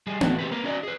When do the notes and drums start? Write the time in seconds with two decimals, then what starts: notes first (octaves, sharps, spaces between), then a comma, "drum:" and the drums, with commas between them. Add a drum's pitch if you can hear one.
0.07 G3 G#4
0.21 A2 A3 F#4, drum: tom B3
0.39 C4 G4 B4
0.51 A#3 A#4 B4
0.64 C#4 F#4 D5 D#5
0.83 G#4 B4